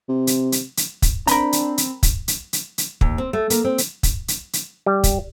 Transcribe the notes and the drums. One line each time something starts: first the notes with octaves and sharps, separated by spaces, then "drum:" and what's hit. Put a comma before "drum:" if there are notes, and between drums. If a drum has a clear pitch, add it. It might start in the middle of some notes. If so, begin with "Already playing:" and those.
C3
drum: hi-hat
drum: hi-hat
drum: hi-hat
drum: kick, hi-hat
C4 D4 A#4 B4 G5 A#5 B5, drum: hi-hat
drum: hi-hat
drum: hi-hat
drum: kick, hi-hat
drum: hi-hat
drum: hi-hat
drum: hi-hat
D#2, drum: kick
C4
A3
A#3, drum: hi-hat
C4
drum: hi-hat
drum: kick, hi-hat
drum: hi-hat
drum: hi-hat
G3
drum: kick, hi-hat